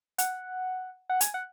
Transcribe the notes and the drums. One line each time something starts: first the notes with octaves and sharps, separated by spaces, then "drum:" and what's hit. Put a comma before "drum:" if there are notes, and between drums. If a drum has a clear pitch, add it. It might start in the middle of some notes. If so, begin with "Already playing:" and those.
F#5, drum: hi-hat
F#5
G#5, drum: hi-hat
F#5